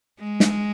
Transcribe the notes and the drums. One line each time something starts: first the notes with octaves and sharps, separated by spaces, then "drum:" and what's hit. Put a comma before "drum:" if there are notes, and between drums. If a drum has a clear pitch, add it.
G#3
drum: snare